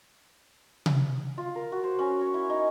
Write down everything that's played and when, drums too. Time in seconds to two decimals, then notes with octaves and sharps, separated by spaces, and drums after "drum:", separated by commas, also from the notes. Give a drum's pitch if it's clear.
0.86 drum: tom C3
1.38 F4
1.56 A#4
1.72 F#4
1.84 C5
1.99 C#4
2.21 C#5
2.34 E4
2.50 D#4